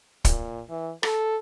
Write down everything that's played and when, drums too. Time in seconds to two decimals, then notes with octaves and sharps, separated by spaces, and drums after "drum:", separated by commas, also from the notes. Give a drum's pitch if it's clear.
0.25 A#2, drum: kick, hi-hat
0.69 E3
1.03 A4, drum: rim click